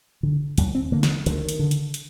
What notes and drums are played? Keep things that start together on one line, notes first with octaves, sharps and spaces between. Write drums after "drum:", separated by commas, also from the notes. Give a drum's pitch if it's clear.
D3
D#2 G3, drum: hi-hat
C4
D3 A#3
drum: snare
D2 D#3, drum: hi-hat
drum: hi-hat
D3
drum: hi-hat
drum: hi-hat